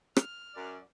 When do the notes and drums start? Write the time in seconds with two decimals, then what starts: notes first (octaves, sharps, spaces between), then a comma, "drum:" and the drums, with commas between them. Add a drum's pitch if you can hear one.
0.16 F6, drum: rim click
0.54 F#2 D5